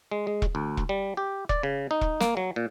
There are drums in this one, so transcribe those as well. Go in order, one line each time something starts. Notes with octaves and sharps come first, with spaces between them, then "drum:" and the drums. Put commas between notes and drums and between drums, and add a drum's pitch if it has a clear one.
G#3
G#3
drum: kick E1
D2
drum: kick E1
G3
G4
D5, drum: kick E1
C#3
D#4
drum: kick E1
A#3, drum: snare
F#3
A#2